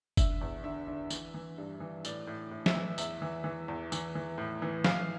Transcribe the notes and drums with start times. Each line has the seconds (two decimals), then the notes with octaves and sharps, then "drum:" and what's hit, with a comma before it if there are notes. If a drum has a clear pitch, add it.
0.17 D3 E5, drum: kick F#1, tambourine
0.41 E2
0.64 D3 E5
0.88 D3
1.10 E3, drum: tambourine
1.34 E3
1.58 G2
1.80 E3
2.05 A2 D5, drum: tambourine
2.27 A2
2.51 A2
2.66 E5, drum: snare
2.75 E3
2.98 E2 E5, drum: tambourine
3.22 E3
3.44 E3
3.68 E2
3.92 E3, drum: tambourine
4.15 E3
4.38 A2
4.62 E3
4.84 E3 F5, drum: snare